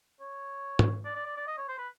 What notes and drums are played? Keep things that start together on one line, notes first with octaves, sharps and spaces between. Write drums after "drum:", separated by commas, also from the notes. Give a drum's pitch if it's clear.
C#5
drum: tom
D5
D5
D5
D5
D#5
C#5
C5
B4